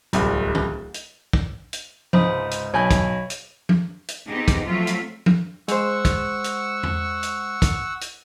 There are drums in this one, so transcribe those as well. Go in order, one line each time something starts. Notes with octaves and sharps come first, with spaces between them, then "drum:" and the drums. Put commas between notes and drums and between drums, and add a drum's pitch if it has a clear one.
D1 C2, drum: hi-hat
drum: tom
drum: hi-hat
drum: kick
drum: hi-hat
C#2 G#2 C3 C5 B5 D#6, drum: tom F3
drum: hi-hat
B1 C#5 G#5 B5 G6
drum: kick, hi-hat
drum: hi-hat
drum: tom F3
drum: hi-hat
B3 C4 D#4 G4 G#4
drum: kick, hi-hat
F3 F#3 A3 C4 F4 E5
drum: hi-hat
drum: tom F3
G#3 C5 F#5 C#6 E6, drum: hi-hat
drum: kick, hi-hat
drum: hi-hat
drum: tom E2
drum: hi-hat
drum: kick, hi-hat
drum: hi-hat